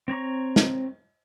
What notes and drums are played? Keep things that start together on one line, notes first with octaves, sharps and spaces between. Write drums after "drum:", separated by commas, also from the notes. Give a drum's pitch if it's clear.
C4 C#5 A#5 C#6
drum: snare